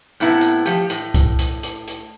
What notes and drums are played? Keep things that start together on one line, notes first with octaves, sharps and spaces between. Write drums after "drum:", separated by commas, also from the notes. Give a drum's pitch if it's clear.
A2 C3 B3 E4
drum: hi-hat
F3 G4, drum: hi-hat
A2, drum: hi-hat
drum: kick C2, hi-hat
drum: hi-hat
drum: hi-hat
drum: hi-hat